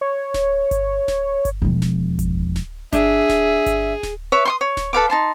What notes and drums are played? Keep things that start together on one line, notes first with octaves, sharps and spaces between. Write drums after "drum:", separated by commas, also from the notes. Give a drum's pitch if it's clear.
C#5
drum: snare D1
drum: kick G1, hi-hat
drum: snare D1
drum: kick G1, hi-hat
E1 F3
drum: snare D1
drum: kick G1, hi-hat
drum: snare D1
D4 G#4 E5, drum: kick G1, hi-hat
drum: snare D1
drum: kick G1, hi-hat
drum: snare D1
B4 C#5 E5
C6 C#6 D#6
C#5
drum: snare D1
A4 B4 F5 D6
D#4 A5 C6